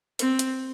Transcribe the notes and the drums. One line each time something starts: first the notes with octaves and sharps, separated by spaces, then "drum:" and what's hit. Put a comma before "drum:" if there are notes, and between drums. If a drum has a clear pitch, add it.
C4, drum: hi-hat
drum: hi-hat